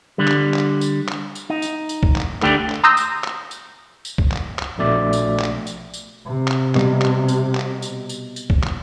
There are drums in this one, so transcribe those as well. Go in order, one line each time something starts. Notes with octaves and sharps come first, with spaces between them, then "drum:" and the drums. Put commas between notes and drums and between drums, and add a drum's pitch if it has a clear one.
D3 G3
drum: clap
drum: clap
drum: tambourine
drum: clap
drum: tambourine
D#4
drum: tambourine
drum: tambourine
drum: kick
drum: clap
D3 A3 D4 G4, drum: clap
drum: clap
A#5 C6 D#6 E6 G6 A#6
drum: tambourine
drum: clap
drum: tambourine
drum: tambourine
drum: kick
drum: clap
drum: clap
A#1 B2 A3 D5 E5
drum: tambourine
drum: clap
drum: tambourine
drum: tambourine
C3
drum: clap
B2 G3, drum: clap
drum: clap
drum: tambourine
drum: clap
drum: tambourine
drum: tambourine
drum: tambourine
drum: kick
drum: clap